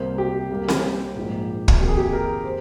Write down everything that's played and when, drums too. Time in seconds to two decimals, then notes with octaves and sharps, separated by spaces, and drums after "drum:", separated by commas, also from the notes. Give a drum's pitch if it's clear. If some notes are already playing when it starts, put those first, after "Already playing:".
Already playing: C2 C3 G3 A#3 C5
0.18 G4
0.50 C2 C3 G3 A#3
0.69 drum: snare C4
1.16 A#1 G#2 F3 A#3
1.68 drum: kick
1.80 F2 D#3 A#3 G4
1.88 G#4
1.97 G4
2.13 A#4
2.45 C5